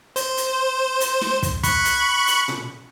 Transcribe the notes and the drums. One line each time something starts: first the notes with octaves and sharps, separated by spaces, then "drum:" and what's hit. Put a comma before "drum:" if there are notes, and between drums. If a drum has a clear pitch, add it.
C5, drum: hi-hat
drum: hi-hat
drum: hi-hat
drum: snare
drum: kick, hi-hat
B5 C#6 F#6, drum: kick, hi-hat
drum: hi-hat
drum: hi-hat
drum: tom A#2